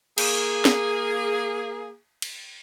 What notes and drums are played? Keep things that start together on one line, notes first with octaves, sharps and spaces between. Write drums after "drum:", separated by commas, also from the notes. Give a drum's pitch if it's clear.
A#3 G#4, drum: cymbal
drum: snare
drum: cymbal